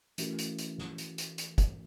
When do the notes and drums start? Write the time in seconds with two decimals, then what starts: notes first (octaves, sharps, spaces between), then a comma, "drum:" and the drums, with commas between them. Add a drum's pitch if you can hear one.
0.18 E3 A3 C#4 F#4 A#4, drum: hi-hat
0.38 drum: hi-hat
0.58 drum: hi-hat
0.78 drum: snare
0.98 drum: hi-hat
1.18 drum: hi-hat
1.38 drum: hi-hat
1.58 drum: kick, hi-hat